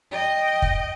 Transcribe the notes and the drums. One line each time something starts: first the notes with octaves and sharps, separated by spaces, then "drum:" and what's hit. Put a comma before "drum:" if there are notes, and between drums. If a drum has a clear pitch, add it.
D#5 G5
drum: kick